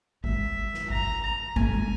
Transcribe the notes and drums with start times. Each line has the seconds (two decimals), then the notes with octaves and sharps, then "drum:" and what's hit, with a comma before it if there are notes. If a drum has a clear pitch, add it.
0.24 G#3 E5, drum: kick G1
0.74 drum: snare
0.90 A#5, drum: kick G1
1.23 A#5
1.56 A3 G#5, drum: kick G1
1.73 G#3